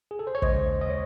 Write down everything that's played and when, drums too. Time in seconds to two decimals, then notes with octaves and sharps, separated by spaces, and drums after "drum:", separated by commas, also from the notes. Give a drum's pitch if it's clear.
0.11 G#4
0.19 A4
0.27 C5
0.35 C#5
0.42 D#2 C#3 G#3 C5 D#5, drum: kick
0.81 D#5
0.90 C#5